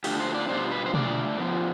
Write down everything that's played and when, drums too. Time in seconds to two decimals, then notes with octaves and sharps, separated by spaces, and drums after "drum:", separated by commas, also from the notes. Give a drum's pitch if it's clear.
0.04 D3 A3 D4 F4 G4, drum: open hi-hat
0.20 C5
0.34 D5
0.49 B2 G3 D4 F4 C5
0.72 B4
0.86 C5
0.94 D3 A3 D4 F4 D5, drum: tom B2
1.38 D3 F3 B3 F4